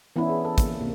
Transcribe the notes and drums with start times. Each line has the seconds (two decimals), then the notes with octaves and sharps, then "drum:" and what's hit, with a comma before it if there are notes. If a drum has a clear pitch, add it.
0.16 E3 B3 C#4 D4 E4
0.30 G#4
0.45 A4
0.58 A#3, drum: kick, hi-hat
0.81 C3 A#3